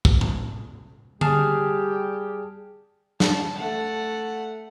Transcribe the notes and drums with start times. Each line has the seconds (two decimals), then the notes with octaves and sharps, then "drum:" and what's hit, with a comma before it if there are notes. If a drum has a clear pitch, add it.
0.05 drum: kick
0.21 drum: tom A2
1.21 G3 G4 G#4 A5 F6, drum: tom D3
3.20 A5, drum: snare
3.58 A3 F#5